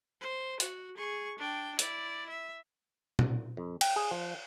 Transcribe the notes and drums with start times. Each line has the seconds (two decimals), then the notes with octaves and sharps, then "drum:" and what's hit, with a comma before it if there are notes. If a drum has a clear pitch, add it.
0.21 C5
0.60 F#4, drum: hi-hat
0.97 G#4 C#6
1.39 D4 G5
1.79 E4 D5, drum: hi-hat
2.29 E5
3.19 drum: tom A#2
3.57 F2
3.81 G5, drum: cymbal
3.96 G#4
4.11 F3